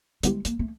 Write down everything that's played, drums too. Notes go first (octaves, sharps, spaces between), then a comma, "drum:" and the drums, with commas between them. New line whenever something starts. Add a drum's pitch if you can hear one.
D3 G3 G#3 B3 E4 G4, drum: hi-hat
A#3, drum: hi-hat
A3